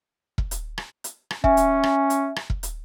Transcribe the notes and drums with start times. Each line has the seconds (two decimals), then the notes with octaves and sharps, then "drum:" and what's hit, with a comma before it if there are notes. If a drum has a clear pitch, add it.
0.38 drum: kick E1
0.51 drum: hi-hat
0.78 drum: rim click
1.04 drum: hi-hat
1.31 drum: rim click
1.44 C#4 E5 G#5, drum: kick E1
1.57 drum: hi-hat
1.83 drum: rim click
2.10 drum: hi-hat
2.36 drum: rim click
2.50 drum: kick E1
2.63 drum: hi-hat